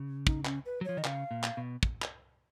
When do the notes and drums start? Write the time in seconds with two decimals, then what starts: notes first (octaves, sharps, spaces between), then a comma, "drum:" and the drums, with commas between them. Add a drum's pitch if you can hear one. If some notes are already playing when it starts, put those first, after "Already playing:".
Already playing: C#3
0.27 D#4, drum: kick
0.45 C#4, drum: clap
0.66 B4
0.81 F#3
0.85 F3 C#5
0.97 D#3 D#5
1.05 C#3 F5, drum: clap
1.31 A#2
1.44 drum: clap
1.57 B2
1.83 drum: kick
2.02 drum: clap